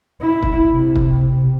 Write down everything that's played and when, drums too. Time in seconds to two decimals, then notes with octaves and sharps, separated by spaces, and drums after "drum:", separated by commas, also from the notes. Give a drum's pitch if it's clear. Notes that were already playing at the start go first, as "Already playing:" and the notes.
0.21 E4
0.42 drum: kick
0.69 C3
0.95 drum: kick